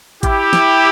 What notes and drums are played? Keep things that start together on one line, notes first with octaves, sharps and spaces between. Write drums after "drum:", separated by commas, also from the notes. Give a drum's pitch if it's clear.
E4 G4, drum: kick A1, hi-hat
drum: snare